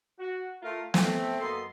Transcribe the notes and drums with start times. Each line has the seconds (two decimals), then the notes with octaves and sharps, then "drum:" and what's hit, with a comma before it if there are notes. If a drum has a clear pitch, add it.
0.18 F#4
0.63 A3 F4 A#4
0.94 A3 C4, drum: snare
1.40 F#2 A#3 B3 A4 D#5 C6